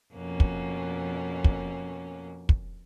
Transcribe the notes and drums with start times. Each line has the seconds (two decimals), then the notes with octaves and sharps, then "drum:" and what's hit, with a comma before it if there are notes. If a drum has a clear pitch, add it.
0.14 F2 B2 A#3 C#4
0.40 drum: kick
1.44 drum: kick
2.49 drum: kick